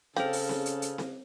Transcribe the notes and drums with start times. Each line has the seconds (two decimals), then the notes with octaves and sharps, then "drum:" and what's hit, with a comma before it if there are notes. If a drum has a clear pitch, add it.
0.16 C#3 G4 A4 C5 F5, drum: snare C4
0.33 drum: open hi-hat
0.49 drum: snare C4
0.66 drum: hi-hat
0.82 drum: hi-hat
0.98 drum: snare C4